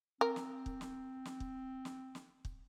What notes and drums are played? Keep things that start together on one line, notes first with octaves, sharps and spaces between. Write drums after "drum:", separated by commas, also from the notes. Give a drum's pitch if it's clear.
C4 A#4
drum: snare
drum: kick
drum: snare
drum: snare
drum: kick
drum: snare
drum: snare
drum: kick